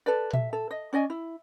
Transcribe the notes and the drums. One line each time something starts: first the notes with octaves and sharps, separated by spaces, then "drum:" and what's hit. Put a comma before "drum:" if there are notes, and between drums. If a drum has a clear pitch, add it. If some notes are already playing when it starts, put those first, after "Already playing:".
A4 B4 D5
E5, drum: tom A#2
A4
D#5
C#4 D5 D#5 G#5
E4